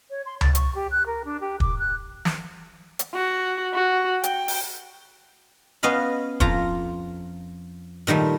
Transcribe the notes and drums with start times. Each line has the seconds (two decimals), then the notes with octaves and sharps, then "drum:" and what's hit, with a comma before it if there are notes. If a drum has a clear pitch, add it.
0.10 C#5
0.25 C6
0.41 A6, drum: tom C#2
0.55 C#6, drum: hi-hat
0.75 G4
0.91 F#6
1.06 A#4
1.24 D4
1.40 G4
1.60 D6, drum: kick
1.78 F#6
2.25 drum: snare
2.99 drum: hi-hat
3.15 F#4
3.74 F#4
4.23 G5, drum: hi-hat
4.48 drum: open hi-hat
5.83 B3 C#4 D#5 F5 B5
6.40 F2 F4 A#5, drum: kick
8.07 A#2 D#3 G3 A3